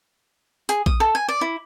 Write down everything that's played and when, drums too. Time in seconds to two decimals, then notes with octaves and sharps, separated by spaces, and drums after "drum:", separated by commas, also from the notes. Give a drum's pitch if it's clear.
0.69 G#4, drum: hi-hat
0.86 D#6, drum: kick A#1
1.00 A4
1.15 G#5
1.29 D5
1.41 E4